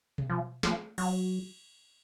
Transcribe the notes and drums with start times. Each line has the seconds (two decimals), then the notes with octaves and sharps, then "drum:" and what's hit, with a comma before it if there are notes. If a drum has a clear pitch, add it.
0.18 drum: tom B2
0.30 F3
0.63 F3, drum: snare
0.98 F#3, drum: cymbal